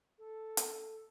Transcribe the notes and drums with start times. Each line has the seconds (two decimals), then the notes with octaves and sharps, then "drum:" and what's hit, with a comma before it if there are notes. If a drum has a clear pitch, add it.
0.19 A4
0.57 drum: hi-hat